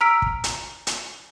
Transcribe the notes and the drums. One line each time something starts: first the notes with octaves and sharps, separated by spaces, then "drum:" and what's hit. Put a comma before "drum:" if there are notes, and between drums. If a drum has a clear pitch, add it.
A#5 E6 F6 B6 D7
drum: kick
drum: hi-hat
drum: hi-hat